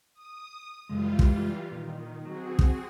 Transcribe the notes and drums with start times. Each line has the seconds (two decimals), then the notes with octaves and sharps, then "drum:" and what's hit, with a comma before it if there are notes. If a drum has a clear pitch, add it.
0.14 D#6
0.89 F#2 C#3 E3 G3 G#3 F4
1.19 drum: kick
1.72 A#2 D#3
2.26 F#3 C4 F#4 G#4
2.59 drum: kick